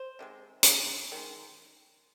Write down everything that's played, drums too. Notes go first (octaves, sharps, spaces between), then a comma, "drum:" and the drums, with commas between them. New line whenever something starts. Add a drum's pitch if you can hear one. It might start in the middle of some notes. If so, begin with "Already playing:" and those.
Already playing: C5
C3 D#3 G#3
drum: hi-hat
D#3 G#3